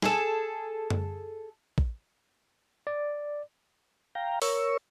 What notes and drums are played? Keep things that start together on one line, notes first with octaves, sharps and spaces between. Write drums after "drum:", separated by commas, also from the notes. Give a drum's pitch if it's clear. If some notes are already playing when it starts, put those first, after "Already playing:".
G#4 A4, drum: snare
drum: tom F#2
drum: kick
D5
F5 G5 A#5
A#4 C#5 C#6 E6, drum: open hi-hat